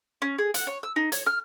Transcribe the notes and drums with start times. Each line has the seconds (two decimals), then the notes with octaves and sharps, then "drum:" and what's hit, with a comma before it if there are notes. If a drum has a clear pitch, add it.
0.22 C#4
0.38 G#4
0.54 F#5, drum: hi-hat
0.67 C#5
0.83 E6
0.96 D#4
1.12 C#5, drum: hi-hat
1.26 F6